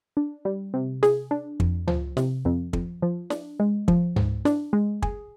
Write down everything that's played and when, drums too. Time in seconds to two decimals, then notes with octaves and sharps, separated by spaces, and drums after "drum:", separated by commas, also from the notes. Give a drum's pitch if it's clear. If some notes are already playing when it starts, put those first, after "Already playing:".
0.17 D4
0.45 G3
0.74 C3
1.03 G#4, drum: snare
1.31 D4
1.60 F2, drum: kick
1.88 F3, drum: tom
2.17 C3, drum: snare
2.45 F2
2.73 F2, drum: kick
3.02 F3
3.30 D4, drum: snare
3.60 G#3
3.88 F3, drum: kick
4.16 G#2, drum: tom
4.45 D4, drum: snare
4.73 G#3
5.02 G#4, drum: kick